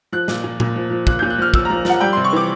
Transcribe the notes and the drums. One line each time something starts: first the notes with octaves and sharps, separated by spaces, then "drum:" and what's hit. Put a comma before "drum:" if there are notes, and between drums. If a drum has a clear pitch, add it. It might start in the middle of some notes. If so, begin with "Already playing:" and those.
F3 F#6
A#2, drum: snare
A#2
A#2, drum: tom A#2
F3
F3
A#2 F#6, drum: kick
A#2 G6
F#6
F3 F6
F3 E6, drum: kick
A#5
F3
F3 F#5, drum: snare
G3 G5
C6
C3
C#6
E3 D6